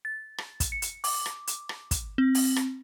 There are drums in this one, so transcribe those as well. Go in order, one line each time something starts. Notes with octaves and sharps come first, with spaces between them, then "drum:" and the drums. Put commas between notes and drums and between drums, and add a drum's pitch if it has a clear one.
A6
drum: rim click
drum: kick, hi-hat
C#7
drum: hi-hat
D6, drum: open hi-hat
drum: rim click
drum: hi-hat
drum: rim click
drum: kick, hi-hat
C4
drum: open hi-hat
drum: rim click